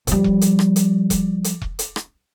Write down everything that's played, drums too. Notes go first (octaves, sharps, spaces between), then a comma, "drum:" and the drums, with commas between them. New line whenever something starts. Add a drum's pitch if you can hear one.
F3 G3, drum: hi-hat
drum: kick E1
drum: hi-hat
drum: rim click
drum: hi-hat
drum: kick E1, hi-hat
drum: hi-hat
drum: kick E1
drum: hi-hat
drum: rim click